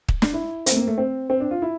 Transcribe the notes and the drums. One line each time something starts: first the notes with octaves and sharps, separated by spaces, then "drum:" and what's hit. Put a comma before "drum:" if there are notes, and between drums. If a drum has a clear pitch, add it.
drum: kick
D4, drum: snare
E4
C4, drum: hi-hat
A3
A#3
A3
C4
C4
D4
F4
E4